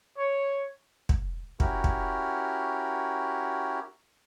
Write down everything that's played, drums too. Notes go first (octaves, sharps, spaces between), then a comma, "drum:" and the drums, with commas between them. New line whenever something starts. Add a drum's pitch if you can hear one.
C#5
drum: kick
C#4 E4 F#4 G4 A#4, drum: kick
drum: kick